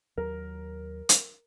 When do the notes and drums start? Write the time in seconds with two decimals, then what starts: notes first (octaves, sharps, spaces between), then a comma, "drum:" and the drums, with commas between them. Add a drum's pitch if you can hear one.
0.18 D#2 F#3 A#4
1.09 drum: hi-hat